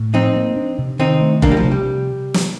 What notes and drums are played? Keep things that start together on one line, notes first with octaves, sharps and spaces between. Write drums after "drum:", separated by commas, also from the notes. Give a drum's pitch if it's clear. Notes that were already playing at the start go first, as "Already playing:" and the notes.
Already playing: A2
F3 C4 D#4
A#3
D4
C3
D#3 C4 D#4
A3
C3 A#3 D4, drum: kick F#1
G3
F3
C3
G3
drum: snare